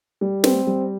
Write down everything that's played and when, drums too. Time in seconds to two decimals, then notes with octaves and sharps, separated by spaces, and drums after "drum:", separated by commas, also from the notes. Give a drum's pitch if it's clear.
0.21 G3
0.44 C4, drum: snare
0.67 G3